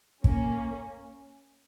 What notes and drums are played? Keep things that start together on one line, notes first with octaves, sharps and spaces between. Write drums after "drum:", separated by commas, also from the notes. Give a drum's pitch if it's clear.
A#3 C#4, drum: kick